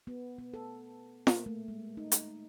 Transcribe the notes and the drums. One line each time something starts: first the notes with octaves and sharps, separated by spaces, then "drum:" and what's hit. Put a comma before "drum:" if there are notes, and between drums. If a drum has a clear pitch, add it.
B3
B3
A4
A#3, drum: snare F4
A3
G#3
D#4
drum: hi-hat